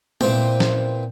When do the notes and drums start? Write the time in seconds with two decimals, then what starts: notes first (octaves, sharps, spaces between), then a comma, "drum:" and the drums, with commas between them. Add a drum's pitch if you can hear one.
0.21 A#2 E3 C4 C5 G5, drum: tom
0.60 drum: snare